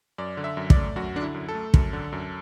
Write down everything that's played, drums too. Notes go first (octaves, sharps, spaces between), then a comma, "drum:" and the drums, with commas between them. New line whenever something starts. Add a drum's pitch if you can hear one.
F#2 D5
D3
E5
F#2
D5, drum: kick
A3
F#2 F#4
D3 D4
E4
F#2
A4
A3
F#2, drum: kick
D3
F#2